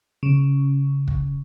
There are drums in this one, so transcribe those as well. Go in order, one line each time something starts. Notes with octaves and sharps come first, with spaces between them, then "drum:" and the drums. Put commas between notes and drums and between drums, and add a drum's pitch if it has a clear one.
C#3
drum: kick